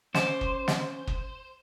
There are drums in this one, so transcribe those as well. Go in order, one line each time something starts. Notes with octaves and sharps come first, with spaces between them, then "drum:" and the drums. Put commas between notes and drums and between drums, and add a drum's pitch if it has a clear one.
C#4 C5 D6, drum: snare
drum: kick
drum: snare
drum: kick